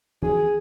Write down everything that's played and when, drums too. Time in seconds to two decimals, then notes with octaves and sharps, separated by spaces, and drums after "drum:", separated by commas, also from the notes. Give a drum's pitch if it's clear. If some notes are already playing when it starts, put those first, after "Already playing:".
0.23 G#4, drum: tom E3